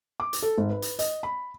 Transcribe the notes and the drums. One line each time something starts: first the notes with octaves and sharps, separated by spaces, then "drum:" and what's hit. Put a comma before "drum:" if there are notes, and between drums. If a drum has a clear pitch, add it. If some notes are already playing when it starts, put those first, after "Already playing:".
D6
drum: hi-hat
A4
G#1
B4
drum: hi-hat
D#5, drum: hi-hat
B5